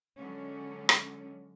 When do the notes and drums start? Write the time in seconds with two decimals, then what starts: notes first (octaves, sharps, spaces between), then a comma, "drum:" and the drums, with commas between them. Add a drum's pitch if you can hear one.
0.19 D3 F#3 G#3 C#4
0.89 drum: rim click